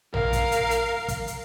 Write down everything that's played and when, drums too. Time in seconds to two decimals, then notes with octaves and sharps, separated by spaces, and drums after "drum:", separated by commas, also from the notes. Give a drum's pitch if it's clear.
0.14 A#4 F5, drum: tom A#1
0.33 drum: kick, hi-hat
0.52 drum: hi-hat
0.71 drum: hi-hat
1.08 drum: kick, hi-hat
1.27 drum: hi-hat